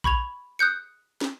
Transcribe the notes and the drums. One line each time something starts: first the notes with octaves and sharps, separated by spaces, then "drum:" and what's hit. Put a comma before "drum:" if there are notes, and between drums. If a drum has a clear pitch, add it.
B5 C#6 G#6 F7, drum: kick A#1
D#6 F#6 G6 C#7
drum: snare